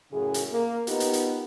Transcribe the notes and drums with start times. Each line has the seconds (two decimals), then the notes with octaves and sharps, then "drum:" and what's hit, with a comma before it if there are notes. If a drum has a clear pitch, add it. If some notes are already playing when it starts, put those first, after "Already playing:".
0.11 F#2 A2 C#3 G#4
0.34 drum: hi-hat
0.52 A#3 A#4
0.87 B3 D#4 F4 G4 A#4, drum: hi-hat
1.00 drum: hi-hat
1.13 drum: hi-hat